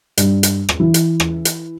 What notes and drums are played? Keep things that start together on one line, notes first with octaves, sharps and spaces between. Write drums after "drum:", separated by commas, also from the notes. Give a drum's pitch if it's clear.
G2, drum: hi-hat
drum: hi-hat
drum: rim click
E3
drum: hi-hat
drum: rim click
drum: hi-hat